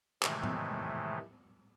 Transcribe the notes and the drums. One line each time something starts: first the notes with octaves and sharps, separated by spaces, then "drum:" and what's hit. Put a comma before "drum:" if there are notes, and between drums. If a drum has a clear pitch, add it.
A2 C3 D#3 E3 G#3 A3, drum: clap
drum: tom